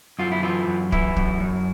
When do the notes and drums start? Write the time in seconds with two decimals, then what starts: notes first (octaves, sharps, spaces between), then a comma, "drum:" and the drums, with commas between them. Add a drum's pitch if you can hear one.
0.19 F#2 F4
0.32 E4
0.43 E3 F4
0.67 F#2
0.92 E3 E4, drum: kick
1.16 F#2, drum: kick
1.40 F#2